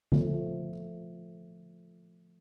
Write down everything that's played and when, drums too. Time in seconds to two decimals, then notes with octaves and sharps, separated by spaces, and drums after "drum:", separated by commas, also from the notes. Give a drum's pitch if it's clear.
0.12 F3 A3, drum: tom D3